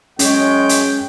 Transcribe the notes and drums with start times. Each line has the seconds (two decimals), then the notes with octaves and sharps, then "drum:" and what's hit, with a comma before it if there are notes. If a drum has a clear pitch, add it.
0.19 F#2 G#3 C#4 C#5 G5, drum: hi-hat
0.69 drum: hi-hat